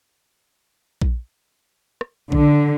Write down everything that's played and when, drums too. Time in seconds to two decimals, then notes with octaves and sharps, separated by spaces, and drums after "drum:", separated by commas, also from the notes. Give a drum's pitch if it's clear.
1.02 drum: kick A#1
2.01 drum: rim click
2.32 D3, drum: kick A#1